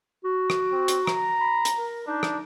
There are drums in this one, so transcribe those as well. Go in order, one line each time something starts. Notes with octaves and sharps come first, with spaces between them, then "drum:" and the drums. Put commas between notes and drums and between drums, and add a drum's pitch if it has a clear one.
F#4
drum: rim click
C4
drum: hi-hat
A#5, drum: rim click
B5
drum: hi-hat
A#4
D4 D#4
drum: rim click